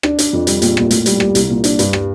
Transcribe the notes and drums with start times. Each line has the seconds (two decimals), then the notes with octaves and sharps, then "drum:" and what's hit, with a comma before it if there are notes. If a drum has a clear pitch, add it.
0.03 D4, drum: rim click
0.19 D4, drum: hi-hat
0.33 F2
0.47 G3, drum: hi-hat
0.62 A#1, drum: hi-hat
0.77 A#2, drum: rim click
0.91 A2, drum: hi-hat
1.06 G3, drum: hi-hat
1.20 G3, drum: rim click
1.35 C2, drum: hi-hat
1.50 A#2
1.64 D4, drum: hi-hat
1.79 G2, drum: hi-hat
1.93 G3, drum: rim click